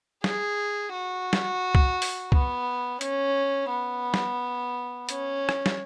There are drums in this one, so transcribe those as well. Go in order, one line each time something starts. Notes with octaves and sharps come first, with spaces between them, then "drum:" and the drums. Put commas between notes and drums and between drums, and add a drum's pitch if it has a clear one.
G#4, drum: snare
F#4
drum: snare
drum: kick
drum: open hi-hat
B3, drum: kick
C#4, drum: hi-hat
B3
drum: snare
C#4, drum: hi-hat
drum: rim click
drum: snare